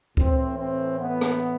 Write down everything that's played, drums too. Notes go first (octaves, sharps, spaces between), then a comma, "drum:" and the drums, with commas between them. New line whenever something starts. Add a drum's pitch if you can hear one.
A2 E3 C4, drum: kick C#2
C4
B3
drum: rim click